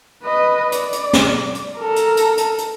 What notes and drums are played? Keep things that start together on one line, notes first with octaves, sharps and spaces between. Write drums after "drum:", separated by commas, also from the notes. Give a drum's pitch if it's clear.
B4 D#5
D5, drum: hi-hat
drum: hi-hat
drum: snare
drum: hi-hat
A4 A#4
drum: hi-hat
drum: hi-hat
drum: hi-hat
drum: hi-hat